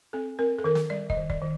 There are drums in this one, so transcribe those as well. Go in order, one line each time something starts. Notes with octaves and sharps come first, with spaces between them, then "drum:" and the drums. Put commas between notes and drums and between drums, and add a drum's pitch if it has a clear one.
C4 A4
C4 A#4
A4
D#3 A#4
drum: snare
G3 D5
D#5, drum: kick
D#3
D5, drum: kick
D#3